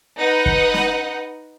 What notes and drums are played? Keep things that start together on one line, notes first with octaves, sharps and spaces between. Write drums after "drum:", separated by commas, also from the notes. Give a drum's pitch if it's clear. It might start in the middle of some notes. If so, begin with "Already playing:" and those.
D#4 B4 D#5 F#5
drum: kick
drum: snare